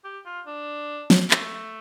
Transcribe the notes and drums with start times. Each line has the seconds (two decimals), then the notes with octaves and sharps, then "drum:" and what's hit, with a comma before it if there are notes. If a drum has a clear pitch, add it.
0.04 G4
0.25 F4
0.47 D4
1.10 drum: snare
1.31 A3, drum: clap